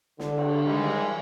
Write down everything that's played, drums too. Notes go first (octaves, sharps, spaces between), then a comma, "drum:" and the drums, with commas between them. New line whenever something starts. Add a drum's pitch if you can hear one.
D3, drum: snare
drum: cymbal
D#3 F3 G3 G#3